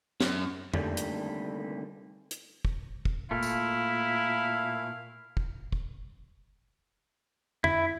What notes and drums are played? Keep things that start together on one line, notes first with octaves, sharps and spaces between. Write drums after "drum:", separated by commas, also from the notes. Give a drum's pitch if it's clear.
F#2, drum: snare
C2 D3 D#3 G3 A3 A#3, drum: tom
drum: hi-hat
drum: hi-hat
drum: kick
drum: kick
A#2 A3 E4 F5
drum: tambourine
drum: kick
drum: kick
E4, drum: tom